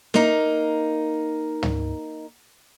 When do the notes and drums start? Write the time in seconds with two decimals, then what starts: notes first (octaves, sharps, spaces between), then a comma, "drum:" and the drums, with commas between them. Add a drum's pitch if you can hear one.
0.14 A#3 D#4, drum: snare
1.63 drum: tom